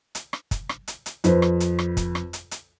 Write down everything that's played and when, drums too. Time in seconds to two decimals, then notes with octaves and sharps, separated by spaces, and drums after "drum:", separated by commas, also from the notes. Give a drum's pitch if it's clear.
0.15 drum: hi-hat
0.33 drum: rim click
0.51 drum: kick, hi-hat
0.69 drum: rim click
0.88 drum: hi-hat
1.06 drum: hi-hat
1.24 F2 B4 C5, drum: hi-hat
1.42 drum: rim click
1.60 drum: hi-hat
1.79 drum: rim click
1.97 drum: kick, hi-hat
2.15 drum: rim click
2.33 drum: hi-hat
2.51 drum: hi-hat